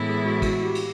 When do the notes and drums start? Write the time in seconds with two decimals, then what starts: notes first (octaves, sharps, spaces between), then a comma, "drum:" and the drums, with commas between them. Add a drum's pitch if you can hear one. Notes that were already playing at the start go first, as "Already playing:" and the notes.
Already playing: A2 E3 G#3 B3 E4
0.10 G#4
0.25 F#4
0.42 F#4, drum: kick, cymbal
0.64 G4
0.75 drum: cymbal